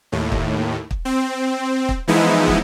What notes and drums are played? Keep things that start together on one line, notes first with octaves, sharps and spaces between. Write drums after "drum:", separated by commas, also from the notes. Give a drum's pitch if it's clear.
D#2 A2
drum: kick
drum: kick
C4
drum: kick
E3 F3 G#3 B3 D#4 E4
drum: kick